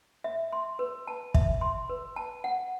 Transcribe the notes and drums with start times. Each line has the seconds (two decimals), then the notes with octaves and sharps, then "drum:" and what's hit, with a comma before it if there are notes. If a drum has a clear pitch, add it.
0.24 E5
0.53 C6
0.79 B4
1.07 A5
1.34 E5, drum: kick
1.61 C6
1.89 B4
2.16 A5
2.44 F#5